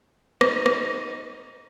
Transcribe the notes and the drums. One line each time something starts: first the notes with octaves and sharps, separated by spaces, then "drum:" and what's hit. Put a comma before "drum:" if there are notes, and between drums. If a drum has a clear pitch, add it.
D#4, drum: rim click
drum: rim click